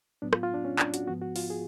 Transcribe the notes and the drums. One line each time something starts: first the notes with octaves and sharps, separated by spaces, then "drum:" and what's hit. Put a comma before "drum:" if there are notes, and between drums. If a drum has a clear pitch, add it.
A2 F#3 B3 D4
F4, drum: rim click
F4
D4
C#4
D4, drum: clap
F#4, drum: hi-hat
G#2 F3 B3 F#4
F#4
F4, drum: open hi-hat
G#4